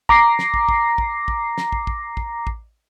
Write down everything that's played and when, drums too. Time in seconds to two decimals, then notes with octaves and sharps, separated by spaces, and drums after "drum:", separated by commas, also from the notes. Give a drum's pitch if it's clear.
0.09 A#5 D6 A#6 C7, drum: kick
0.39 drum: snare
0.54 drum: kick
0.69 drum: kick
0.98 drum: kick
1.28 drum: kick
1.58 drum: snare
1.72 drum: kick
1.87 drum: kick
2.17 drum: kick
2.47 drum: kick